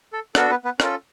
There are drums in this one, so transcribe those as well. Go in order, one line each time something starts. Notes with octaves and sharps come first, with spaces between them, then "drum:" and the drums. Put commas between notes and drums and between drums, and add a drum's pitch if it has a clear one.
A4
B3 D4 F#4 A4 A#4, drum: rim click
B3 B4
B3 B4
C#4 F4 A4 A#4, drum: rim click